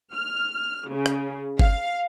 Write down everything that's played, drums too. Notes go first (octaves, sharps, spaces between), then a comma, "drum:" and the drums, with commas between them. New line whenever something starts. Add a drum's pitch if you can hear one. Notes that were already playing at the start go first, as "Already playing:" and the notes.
F6
C#3
drum: rim click
F5, drum: kick G1